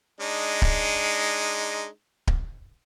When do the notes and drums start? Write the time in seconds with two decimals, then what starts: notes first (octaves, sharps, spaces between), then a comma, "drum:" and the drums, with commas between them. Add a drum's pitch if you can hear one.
0.20 G#3 D4 D#4
0.62 drum: kick D1
2.27 drum: kick D1